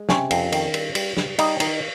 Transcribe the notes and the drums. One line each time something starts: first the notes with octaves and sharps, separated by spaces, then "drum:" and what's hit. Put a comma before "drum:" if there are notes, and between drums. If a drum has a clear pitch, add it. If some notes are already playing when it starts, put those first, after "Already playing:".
Already playing: G#3
C3 C#4 C#5, drum: snare
F2, drum: cymbal
D#3, drum: cymbal
G3, drum: cymbal
G3, drum: cymbal
G3, drum: snare
G3 D#4 D#5, drum: cymbal
D#3 D#4 D#5, drum: cymbal